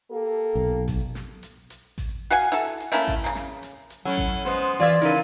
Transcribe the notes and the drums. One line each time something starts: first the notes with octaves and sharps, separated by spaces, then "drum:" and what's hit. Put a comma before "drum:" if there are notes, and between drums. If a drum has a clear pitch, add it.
A#3 G4 A4
B1
drum: kick A1, open hi-hat
drum: snare
drum: hi-hat
drum: hi-hat
drum: kick A1, open hi-hat
F#4 F5 F#5 G#5
E4 F#4 A4, drum: hi-hat
drum: hi-hat
A3 A#3 C#4 E4
drum: kick A1, open hi-hat
C#3 A#3
drum: snare
drum: hi-hat
drum: hi-hat
F#3 A3 C#4 E4 F#5
drum: kick A1, open hi-hat
G#3 B3 C5, drum: snare
E3 F4 D5 E5 C6 G#6 A6
C#3 E3 D#4 E4 A#4, drum: hi-hat